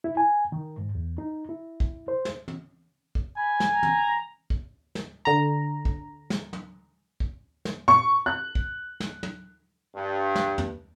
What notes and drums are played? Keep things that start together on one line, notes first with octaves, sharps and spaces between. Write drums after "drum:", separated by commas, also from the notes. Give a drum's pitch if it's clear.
E4
G#5
D#3
G#2
E2
D#4
E4
drum: kick
C5
drum: snare
drum: tom
drum: kick
G#5 B5
drum: snare
A#5
drum: tom
drum: kick
drum: snare
D3 A#5
drum: kick
drum: snare
drum: tom
drum: kick
drum: snare
C#6, drum: tom
F#6
drum: kick
drum: snare
drum: tom
G2
drum: snare
drum: tom